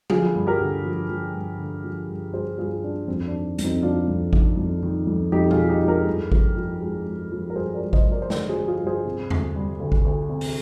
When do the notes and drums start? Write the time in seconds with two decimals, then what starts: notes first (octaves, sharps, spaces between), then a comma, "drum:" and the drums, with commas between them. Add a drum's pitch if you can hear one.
0.10 D3 F4 G#4, drum: tom F3
0.35 G2
0.47 G4 A#4
0.60 D3
0.84 F3
1.09 F3
1.34 G2
1.59 D3
1.84 F3
2.09 G2
2.33 G2 G#4 C5
2.58 G2 F4 G#4
2.83 G2 D4
3.08 F2 C4
3.27 D4
3.34 D#3
3.58 F2, drum: hi-hat
3.64 C4 D#4
3.82 F2 D4 F4
4.08 F2
4.33 D#3, drum: kick G#1
4.57 F2
4.83 D#3
5.07 F2
5.32 F2 D#4 G4
5.51 F4 G#4, drum: tom B2
5.57 D#3
5.69 D#4 G4
5.82 G#3
5.88 G4 A#4
6.07 G2
6.32 F3, drum: kick G#1
6.57 F3
6.81 G#3
7.06 G#3
7.32 F3
7.50 A#4
7.56 G2 G#4 C5
7.74 A#4 D5
7.80 G#3
7.93 C5 D#5, drum: kick G#1
8.06 G#3
8.12 A#4 D5
8.22 C5
8.30 D3 A#4 D5, drum: snare
8.49 G#4 C5
8.56 F3
8.68 F4 G#4
8.80 G2
8.87 G#4 C5
9.06 C3
9.30 D2, drum: tom E2
9.55 G3
9.80 D2
9.92 drum: kick G#1
10.05 D2
10.30 C3
10.41 drum: open hi-hat